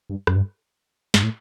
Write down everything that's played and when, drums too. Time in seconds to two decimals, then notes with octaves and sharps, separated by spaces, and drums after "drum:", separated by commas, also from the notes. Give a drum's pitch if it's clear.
0.10 G2
0.27 F#2, drum: rim click
0.36 G2
1.14 G2, drum: snare
1.23 A2